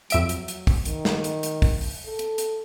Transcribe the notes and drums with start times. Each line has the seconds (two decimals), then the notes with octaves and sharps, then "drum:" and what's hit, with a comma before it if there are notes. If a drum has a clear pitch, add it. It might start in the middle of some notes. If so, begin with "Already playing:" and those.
0.10 F2 F#3 E5 D7, drum: hi-hat
0.29 drum: hi-hat
0.48 drum: hi-hat
0.67 drum: kick, open hi-hat
0.85 D#3, drum: hi-hat
1.05 drum: snare
1.24 drum: hi-hat
1.43 drum: hi-hat
1.62 drum: kick, open hi-hat
1.81 drum: open hi-hat
2.05 A4
2.19 drum: hi-hat
2.38 drum: hi-hat